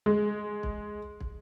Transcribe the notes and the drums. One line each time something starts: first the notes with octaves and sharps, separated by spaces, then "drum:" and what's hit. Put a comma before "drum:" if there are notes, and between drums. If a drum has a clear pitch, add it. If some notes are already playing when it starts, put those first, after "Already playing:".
G#3
drum: kick
drum: kick